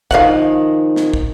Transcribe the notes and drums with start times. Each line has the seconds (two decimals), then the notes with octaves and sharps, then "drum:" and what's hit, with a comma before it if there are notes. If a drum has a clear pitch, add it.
0.11 D#3 F3 G#3 F5 F#5, drum: kick
0.96 drum: snare
1.14 drum: kick